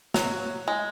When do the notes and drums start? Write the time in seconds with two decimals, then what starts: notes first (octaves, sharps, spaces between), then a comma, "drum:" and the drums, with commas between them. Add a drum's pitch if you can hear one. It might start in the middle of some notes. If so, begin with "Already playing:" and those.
0.14 F#3, drum: snare
0.68 G#3